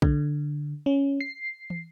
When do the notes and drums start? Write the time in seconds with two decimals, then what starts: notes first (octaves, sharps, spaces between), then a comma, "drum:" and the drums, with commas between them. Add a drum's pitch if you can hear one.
0.02 D3, drum: kick
0.86 C#4
1.21 C7
1.70 drum: tom